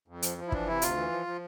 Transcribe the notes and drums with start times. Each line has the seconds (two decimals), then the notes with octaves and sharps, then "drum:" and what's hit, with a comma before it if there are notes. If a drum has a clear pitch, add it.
0.08 F2
0.22 F3, drum: hi-hat
0.38 F3
0.48 E4
0.52 E3 D4, drum: kick
0.67 C3 E4
0.82 D2 F4, drum: hi-hat
0.97 E3
1.12 F3
1.27 F3